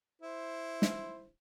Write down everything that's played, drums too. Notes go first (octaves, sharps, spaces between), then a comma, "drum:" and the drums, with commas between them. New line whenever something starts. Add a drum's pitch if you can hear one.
E4 C5
drum: snare